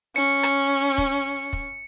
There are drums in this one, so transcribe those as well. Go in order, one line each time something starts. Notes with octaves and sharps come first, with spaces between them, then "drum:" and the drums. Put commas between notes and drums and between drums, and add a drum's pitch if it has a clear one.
C#4 C#7
drum: rim click
drum: kick
drum: kick